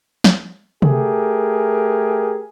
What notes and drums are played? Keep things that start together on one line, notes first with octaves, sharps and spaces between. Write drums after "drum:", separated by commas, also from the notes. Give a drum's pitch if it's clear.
drum: snare
A3 G4 G#4 A#4, drum: tom C3